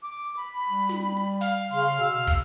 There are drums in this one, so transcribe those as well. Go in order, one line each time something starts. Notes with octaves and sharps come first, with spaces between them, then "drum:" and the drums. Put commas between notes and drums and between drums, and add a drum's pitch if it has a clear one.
D6
B5
G3
drum: snare
drum: hi-hat
F5
C#3 C6, drum: hi-hat
B2 E6
drum: kick, hi-hat